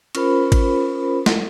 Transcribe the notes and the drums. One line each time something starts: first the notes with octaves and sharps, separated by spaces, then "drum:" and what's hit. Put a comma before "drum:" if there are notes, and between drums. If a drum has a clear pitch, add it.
C#4 F4 A#4 C5 B5, drum: cymbal
drum: kick G#1, cymbal
drum: snare G#3